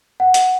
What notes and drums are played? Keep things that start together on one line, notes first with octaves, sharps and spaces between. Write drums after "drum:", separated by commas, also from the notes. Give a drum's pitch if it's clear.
F#5
drum: hi-hat